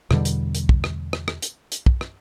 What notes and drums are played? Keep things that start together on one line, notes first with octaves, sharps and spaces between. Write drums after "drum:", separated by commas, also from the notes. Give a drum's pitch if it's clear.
E2 B2 D3 G3, drum: rim click
drum: hi-hat
drum: hi-hat
drum: kick
drum: rim click
drum: rim click
drum: rim click
drum: hi-hat
drum: hi-hat
drum: kick
drum: rim click